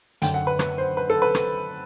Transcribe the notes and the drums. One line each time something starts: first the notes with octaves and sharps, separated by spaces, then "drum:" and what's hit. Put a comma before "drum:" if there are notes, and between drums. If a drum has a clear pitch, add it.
F#2 D3 G5, drum: hi-hat
F#5
B4
B4, drum: rim click
C5
B4
A4
B4
drum: rim click